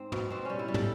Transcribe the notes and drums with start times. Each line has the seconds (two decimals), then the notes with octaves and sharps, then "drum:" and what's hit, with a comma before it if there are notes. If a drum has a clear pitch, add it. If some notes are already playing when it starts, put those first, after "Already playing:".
Already playing: G#2 C4
0.12 B2, drum: tom
0.30 B2 C4
0.45 G3 C#4
0.59 E4
0.68 G3
0.74 A4, drum: tom